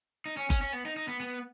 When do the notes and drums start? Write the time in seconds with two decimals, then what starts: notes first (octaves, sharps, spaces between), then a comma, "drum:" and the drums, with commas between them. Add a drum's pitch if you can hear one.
0.26 D#4
0.37 C#4
0.50 C#4, drum: kick F#1, hi-hat
0.61 C#4
0.73 B3
0.85 D#4
0.97 D#4
1.08 B3
1.20 B3